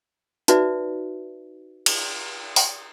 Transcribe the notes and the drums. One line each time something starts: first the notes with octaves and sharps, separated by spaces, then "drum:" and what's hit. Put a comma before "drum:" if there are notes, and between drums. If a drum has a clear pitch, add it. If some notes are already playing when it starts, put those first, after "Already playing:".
D#4 F#4 B4 D5 E5, drum: hi-hat
drum: cymbal
drum: open hi-hat